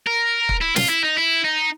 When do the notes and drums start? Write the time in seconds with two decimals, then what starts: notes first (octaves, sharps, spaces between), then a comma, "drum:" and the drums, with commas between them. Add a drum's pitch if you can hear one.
0.07 A#4
0.49 drum: kick
0.61 E4
0.76 F4, drum: snare
0.89 E4
1.03 D#4
1.17 E4
1.44 D#4